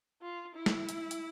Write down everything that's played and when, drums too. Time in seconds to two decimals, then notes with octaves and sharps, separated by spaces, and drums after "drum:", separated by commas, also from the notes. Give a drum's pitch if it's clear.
0.22 F4
0.55 E4
0.66 drum: snare
0.89 drum: hi-hat
1.11 drum: hi-hat